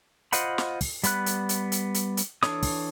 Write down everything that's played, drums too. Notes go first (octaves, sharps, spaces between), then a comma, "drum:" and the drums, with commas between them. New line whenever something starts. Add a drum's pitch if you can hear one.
F4 C5 D#5 F#5 B5, drum: hi-hat
drum: snare
drum: kick, open hi-hat
G3 B3 B5 F#6, drum: hi-hat
drum: hi-hat
drum: hi-hat
drum: hi-hat
drum: hi-hat
drum: hi-hat
E3 D4 A4 C#5 D#6, drum: snare
drum: kick, open hi-hat